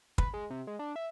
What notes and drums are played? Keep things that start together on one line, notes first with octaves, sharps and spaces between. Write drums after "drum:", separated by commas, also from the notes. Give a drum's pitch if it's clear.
B4, drum: kick
G#3
C3
G#3
D4
E5